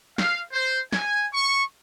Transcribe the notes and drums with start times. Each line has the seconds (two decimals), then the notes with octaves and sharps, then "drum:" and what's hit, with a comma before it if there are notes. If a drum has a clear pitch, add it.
0.18 F5, drum: snare
0.53 C5
0.93 G#5, drum: snare
1.33 C#6